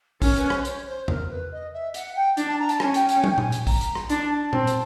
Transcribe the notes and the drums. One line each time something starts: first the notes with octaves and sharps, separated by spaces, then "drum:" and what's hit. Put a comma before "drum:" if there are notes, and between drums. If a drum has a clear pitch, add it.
C#4 A#4, drum: kick, open hi-hat
B4, drum: hi-hat
C5, drum: rim click
C#5, drum: hi-hat
C5
A#4, drum: tom E2
B4
D#5
E5
F#5, drum: hi-hat
G5
D4, drum: hi-hat
A5
A#5
A5, drum: hi-hat
C#4 G#5, drum: rim click
G5, drum: hi-hat
G5, drum: hi-hat
G#5, drum: tom
G5
G#5, drum: tom A#2
drum: hi-hat
A#5, drum: kick, open hi-hat
drum: hi-hat
drum: rim click
D4 A5, drum: hi-hat
A5
C4, drum: tom A#2
drum: hi-hat